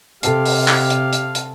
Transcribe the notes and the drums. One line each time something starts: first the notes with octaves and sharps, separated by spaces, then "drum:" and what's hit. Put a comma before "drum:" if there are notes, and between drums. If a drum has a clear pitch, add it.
C3 G4 A4 F5 A5 C7, drum: hi-hat
drum: open hi-hat
drum: clap
drum: hi-hat
drum: hi-hat
drum: hi-hat